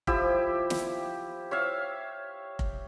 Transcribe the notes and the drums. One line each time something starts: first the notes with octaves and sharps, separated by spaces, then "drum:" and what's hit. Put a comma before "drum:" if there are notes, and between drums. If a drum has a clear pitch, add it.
F3 E4 G4 E5, drum: kick F1
drum: snare
C#5 E5 F5
drum: kick F1